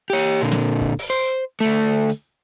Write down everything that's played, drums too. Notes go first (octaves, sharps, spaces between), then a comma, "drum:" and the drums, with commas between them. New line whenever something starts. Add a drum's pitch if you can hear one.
G4 C#5
A#2 D3
drum: snare
drum: kick
drum: open hi-hat
C5
D2 A3
drum: hi-hat